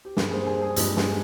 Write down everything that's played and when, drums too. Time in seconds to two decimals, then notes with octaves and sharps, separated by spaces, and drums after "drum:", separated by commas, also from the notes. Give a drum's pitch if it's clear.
0.05 G4
0.17 G2 G3 A#3 G#4, drum: snare
0.31 G#4 C5
0.47 G#4
0.62 G#4
0.76 G2 F3 G#3 G4, drum: hi-hat
0.97 G#4, drum: snare